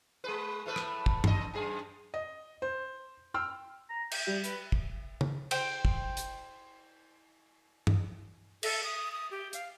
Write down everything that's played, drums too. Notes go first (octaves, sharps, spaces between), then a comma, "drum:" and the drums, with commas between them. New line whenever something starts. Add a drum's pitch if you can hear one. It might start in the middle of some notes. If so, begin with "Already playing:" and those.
G#3 G#4 B4
A2 A3 B4
drum: rim click
drum: kick
C#3 D#5, drum: tom G2
F#2 G#4
D#5
C5
G5 C6 E6 F6
A#5
G5, drum: cymbal
G3
B4, drum: hi-hat
drum: kick
drum: tom
C5 G5, drum: cymbal
drum: kick
drum: hi-hat
drum: tom G2
A4, drum: cymbal
D#6
D#6
G4
F5, drum: hi-hat